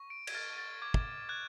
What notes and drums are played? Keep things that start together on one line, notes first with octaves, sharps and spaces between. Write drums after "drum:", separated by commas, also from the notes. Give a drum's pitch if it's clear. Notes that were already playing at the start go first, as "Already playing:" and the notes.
Already playing: C#6
D7
G#6, drum: cymbal
F6 A6
A6
D6 G#6
drum: kick
F#6 G#6